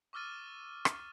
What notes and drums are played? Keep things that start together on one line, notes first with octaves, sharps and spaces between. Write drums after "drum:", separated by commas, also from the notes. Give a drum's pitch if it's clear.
C#6 D6 E6 F6 A6 D#7
drum: rim click